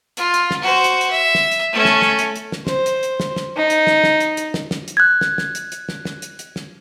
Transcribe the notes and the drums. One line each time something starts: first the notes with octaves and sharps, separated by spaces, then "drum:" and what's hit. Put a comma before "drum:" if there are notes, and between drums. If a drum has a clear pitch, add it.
F4, drum: hi-hat
drum: hi-hat
drum: snare
F#4 C5
drum: hi-hat
drum: hi-hat
E5
drum: snare
drum: hi-hat
A3 C#4
drum: snare
drum: snare
drum: hi-hat
drum: hi-hat
drum: snare
C5, drum: snare
drum: hi-hat
drum: hi-hat
drum: snare
drum: snare
D#4
drum: hi-hat
drum: snare
drum: snare
drum: hi-hat
drum: hi-hat
drum: snare
drum: snare
drum: hi-hat
F#6 G#6
drum: snare
drum: snare
drum: hi-hat
drum: hi-hat
drum: snare
drum: snare
drum: hi-hat
drum: hi-hat
drum: snare